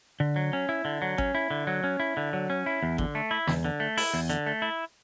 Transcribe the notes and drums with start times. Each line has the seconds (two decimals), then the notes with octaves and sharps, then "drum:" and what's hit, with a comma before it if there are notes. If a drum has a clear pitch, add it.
0.20 D3
0.36 F#3
0.53 C#4
0.69 E4
0.85 D3
1.02 F#3
1.18 C#4, drum: kick G#1
1.35 E4
1.50 D3
1.67 F#3
1.84 C#4
2.00 E4
2.17 D3
2.33 F#3
2.50 C#4
2.66 E4
2.83 E2
2.98 D3, drum: kick G#1
3.15 A3
3.31 E4
3.47 E2, drum: snare
3.65 D3
3.80 A3
3.97 E4, drum: open hi-hat
4.14 E2
4.30 D3, drum: hi-hat
4.46 A3
4.62 E4